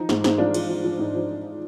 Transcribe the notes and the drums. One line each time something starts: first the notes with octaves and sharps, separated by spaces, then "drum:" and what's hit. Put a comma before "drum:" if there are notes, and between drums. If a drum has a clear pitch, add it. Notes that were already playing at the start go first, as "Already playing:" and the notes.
Already playing: F3 D#4
G#2, drum: snare
G#2 D#4, drum: snare
F3 D4 F4
F3, drum: cymbal
F3
F3
G#2 D#4
F3